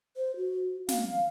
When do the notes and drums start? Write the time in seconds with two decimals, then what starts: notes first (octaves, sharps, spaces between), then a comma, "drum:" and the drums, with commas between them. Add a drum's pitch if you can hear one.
0.17 C5
0.36 F#4
0.88 F5, drum: snare